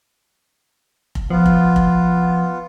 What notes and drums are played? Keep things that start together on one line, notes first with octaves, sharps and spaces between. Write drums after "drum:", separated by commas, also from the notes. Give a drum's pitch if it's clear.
drum: kick F1
F3 B3 F4
drum: kick F1
drum: kick F1